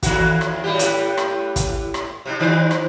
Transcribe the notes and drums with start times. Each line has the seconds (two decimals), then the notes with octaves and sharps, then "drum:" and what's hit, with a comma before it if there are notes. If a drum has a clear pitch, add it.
0.03 D#2 F#4, drum: kick, hi-hat
0.41 drum: rim click
0.64 A2 G3 G4
0.79 drum: hi-hat
1.18 drum: rim click
1.56 drum: kick, hi-hat
1.94 drum: rim click
2.26 C3 A#3 D4
2.40 D#3 D4 C5
2.71 drum: rim click